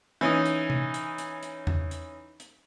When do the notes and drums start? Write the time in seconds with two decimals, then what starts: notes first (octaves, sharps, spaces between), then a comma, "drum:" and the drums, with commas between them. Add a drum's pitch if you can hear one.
0.21 E3 C#4 D#4
0.45 drum: hi-hat
0.70 drum: tom C3
0.94 drum: hi-hat
1.18 drum: hi-hat
1.43 drum: hi-hat
1.67 drum: tom E2
1.91 drum: hi-hat
2.40 drum: hi-hat